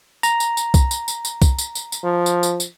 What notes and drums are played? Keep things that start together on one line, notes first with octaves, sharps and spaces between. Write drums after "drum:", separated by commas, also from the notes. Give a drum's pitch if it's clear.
A#5, drum: tambourine
drum: tambourine
drum: tambourine
drum: kick C2, tambourine
drum: tambourine
drum: tambourine
drum: tambourine
drum: kick C2, tambourine
drum: tambourine
drum: tambourine
drum: tambourine
F3
drum: tambourine
drum: tambourine
drum: tambourine